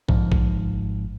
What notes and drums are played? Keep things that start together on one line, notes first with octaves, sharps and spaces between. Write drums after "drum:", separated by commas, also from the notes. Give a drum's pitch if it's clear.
G#1 G#2 F3, drum: kick A#1
drum: kick A#1